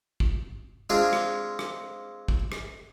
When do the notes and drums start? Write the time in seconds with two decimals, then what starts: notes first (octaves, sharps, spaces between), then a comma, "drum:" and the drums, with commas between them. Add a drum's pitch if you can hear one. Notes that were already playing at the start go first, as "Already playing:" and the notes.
0.20 drum: kick
0.90 G#3 C4 D4 F4 G#4
1.13 drum: rim click
1.59 drum: rim click
2.28 drum: kick
2.52 drum: rim click